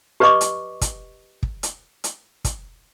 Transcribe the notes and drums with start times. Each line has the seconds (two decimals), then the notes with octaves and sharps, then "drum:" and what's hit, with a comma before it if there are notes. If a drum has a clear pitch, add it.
0.20 G4 B4 D5 D#5 C#6 D6
0.41 drum: hi-hat
0.81 drum: kick, hi-hat
1.43 drum: kick
1.63 drum: hi-hat
2.04 drum: hi-hat
2.44 drum: kick, hi-hat